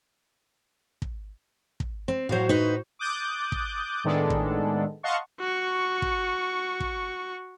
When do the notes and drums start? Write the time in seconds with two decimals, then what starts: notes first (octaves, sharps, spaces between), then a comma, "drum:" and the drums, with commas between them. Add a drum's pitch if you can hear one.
1.02 drum: kick
1.80 drum: kick
2.08 C4
2.29 A2 F#3 F#4 C5 F5
2.49 D#4 B4
2.99 D6 D#6 F#6 G6 A6
3.52 drum: kick
4.04 A2 D#3 G#3 B3 D4 A4
4.30 drum: kick
5.03 D#5 F5 F#5 A5 C6 C#6
5.40 F#4 C#6
6.02 drum: kick
6.80 drum: kick